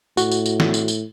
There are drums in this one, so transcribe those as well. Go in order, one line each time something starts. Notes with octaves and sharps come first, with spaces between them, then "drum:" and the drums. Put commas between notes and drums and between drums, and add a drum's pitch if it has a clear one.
A2 F#4, drum: tambourine
drum: tambourine
drum: tambourine
drum: snare
drum: tambourine
drum: tambourine